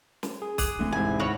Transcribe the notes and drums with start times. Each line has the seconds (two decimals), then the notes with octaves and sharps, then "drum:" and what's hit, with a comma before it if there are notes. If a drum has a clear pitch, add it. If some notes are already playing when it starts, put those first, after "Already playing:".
0.23 drum: snare
0.42 G#4
0.58 G#4 D6 D#6 F#6, drum: kick, open hi-hat
0.79 D1 D3 E3 A3 C4
0.92 E1 C2 G#2 C3 E4 G#5
1.20 D2 G3 F#4 C#5